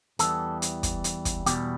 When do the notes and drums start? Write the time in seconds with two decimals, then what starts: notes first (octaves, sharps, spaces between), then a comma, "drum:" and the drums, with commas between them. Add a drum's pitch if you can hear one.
0.19 E2 E3 G3 A4, drum: hi-hat
0.62 drum: hi-hat
0.83 drum: kick, hi-hat
1.04 drum: hi-hat
1.25 drum: kick, hi-hat
1.46 E2 B2 G3 G4, drum: hi-hat